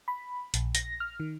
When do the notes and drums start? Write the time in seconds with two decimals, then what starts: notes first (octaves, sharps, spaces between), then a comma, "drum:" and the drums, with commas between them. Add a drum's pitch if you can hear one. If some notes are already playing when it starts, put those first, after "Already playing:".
0.08 B5
0.54 A#1, drum: hi-hat
0.75 A#6, drum: hi-hat
1.00 F6
1.20 D#3